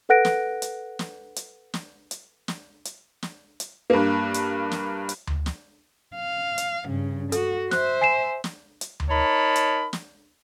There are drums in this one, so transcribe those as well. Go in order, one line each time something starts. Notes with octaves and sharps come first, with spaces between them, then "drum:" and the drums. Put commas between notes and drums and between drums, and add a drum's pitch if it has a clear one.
A4 B4 F#5 F#6 A#6 D7
drum: snare
drum: hi-hat
drum: snare
drum: hi-hat
drum: snare
drum: hi-hat
drum: snare
drum: hi-hat
drum: snare
drum: hi-hat
G2 A#3
drum: hi-hat
drum: snare
drum: hi-hat
drum: tom D2
drum: snare
F5
drum: hi-hat
G2 C#3
F#4 A4, drum: hi-hat
C5 E5 F#6, drum: snare
G#5 C7 E7
drum: snare
drum: hi-hat
drum: tom D2
D#4 A#4 C#5 A5 B5
drum: hi-hat
drum: snare